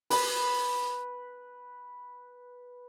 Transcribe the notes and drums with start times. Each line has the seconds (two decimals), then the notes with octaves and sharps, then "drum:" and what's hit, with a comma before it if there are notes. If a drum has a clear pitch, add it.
0.10 B4 B5, drum: open hi-hat